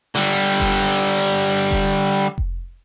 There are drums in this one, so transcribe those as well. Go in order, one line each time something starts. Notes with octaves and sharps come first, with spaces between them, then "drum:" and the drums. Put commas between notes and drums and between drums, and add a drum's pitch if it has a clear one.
D3 G3
drum: kick F1
drum: kick F1
drum: kick F1